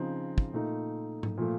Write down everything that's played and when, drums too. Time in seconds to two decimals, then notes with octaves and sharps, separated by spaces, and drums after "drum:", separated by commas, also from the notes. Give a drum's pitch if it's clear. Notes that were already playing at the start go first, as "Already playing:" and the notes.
Already playing: C#3 F3 C4 D#4
0.38 drum: kick
0.53 A#2 A3 D#4
1.23 drum: tom G#2
1.37 A#2 F3 A3